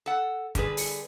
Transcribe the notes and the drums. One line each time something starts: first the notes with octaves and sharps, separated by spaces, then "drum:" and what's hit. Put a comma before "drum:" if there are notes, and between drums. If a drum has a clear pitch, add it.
A4 F#5
D3 G3 G#4 B4, drum: kick, hi-hat
drum: open hi-hat